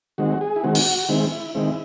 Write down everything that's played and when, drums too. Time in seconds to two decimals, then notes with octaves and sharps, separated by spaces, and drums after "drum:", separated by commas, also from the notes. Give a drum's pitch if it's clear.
0.18 D#3 G#3 C4 F#4
0.41 G#4
0.56 E4
0.64 D#3 G#3 C4 F#4
0.75 drum: cymbal
1.09 D#3 G#3 C4 E4
1.32 E4
1.55 D#3 G#3 C4 E4